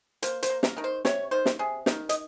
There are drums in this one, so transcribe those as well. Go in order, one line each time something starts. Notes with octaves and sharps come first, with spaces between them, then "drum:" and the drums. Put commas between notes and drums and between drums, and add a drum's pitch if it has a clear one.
A#3 C5, drum: hi-hat
C5, drum: hi-hat
A#3
A#4, drum: snare
D#3 A#4
C5
C3 C#5, drum: snare
D#3 C5
drum: snare
C3 G#4
D#3 A#4, drum: snare
D#5, drum: hi-hat